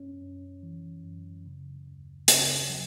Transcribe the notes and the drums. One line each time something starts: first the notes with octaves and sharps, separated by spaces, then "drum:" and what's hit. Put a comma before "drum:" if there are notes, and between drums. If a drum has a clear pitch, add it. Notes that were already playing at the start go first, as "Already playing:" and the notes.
Already playing: F#2 C#4
F#2
E3
F#2
C#3
D#2
C#3, drum: hi-hat
F#3